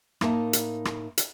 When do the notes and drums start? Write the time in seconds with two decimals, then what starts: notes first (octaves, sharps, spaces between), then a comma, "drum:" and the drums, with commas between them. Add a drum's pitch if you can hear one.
0.21 A2 A#3 D#4 A#4 E5 A5, drum: rim click
0.53 drum: hi-hat
0.85 drum: rim click
1.18 drum: hi-hat